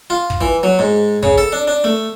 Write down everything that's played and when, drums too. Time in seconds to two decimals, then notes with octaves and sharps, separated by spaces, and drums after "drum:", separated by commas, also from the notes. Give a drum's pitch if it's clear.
0.10 F4
0.30 drum: kick
0.41 E3
0.63 F#3
0.79 G#2
1.23 C#3, drum: kick
1.38 A4
1.52 D4
1.68 D4
1.84 A3